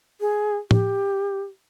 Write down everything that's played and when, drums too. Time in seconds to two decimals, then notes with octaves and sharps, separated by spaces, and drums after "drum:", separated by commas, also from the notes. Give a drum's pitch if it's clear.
0.21 G#4
0.71 G4, drum: tom A2